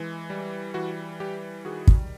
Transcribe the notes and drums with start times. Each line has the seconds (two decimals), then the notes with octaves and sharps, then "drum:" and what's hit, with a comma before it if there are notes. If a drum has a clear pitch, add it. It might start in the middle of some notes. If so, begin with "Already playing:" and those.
Already playing: E3 G#3
0.30 G3
0.74 E3 F#4
1.20 G3 G4
1.65 D#3 F#4 G#4
1.87 drum: kick